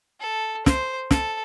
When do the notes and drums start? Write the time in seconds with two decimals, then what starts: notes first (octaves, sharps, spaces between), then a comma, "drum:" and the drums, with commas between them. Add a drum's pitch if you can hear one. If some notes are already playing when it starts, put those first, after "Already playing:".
0.20 A4
0.66 C5, drum: snare
1.11 A4, drum: snare